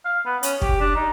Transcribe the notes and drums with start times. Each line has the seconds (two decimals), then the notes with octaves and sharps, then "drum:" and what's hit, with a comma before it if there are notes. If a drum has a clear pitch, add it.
0.05 F5
0.26 B3
0.43 C#4, drum: hi-hat
0.62 G4, drum: kick
0.81 D4
0.95 D#4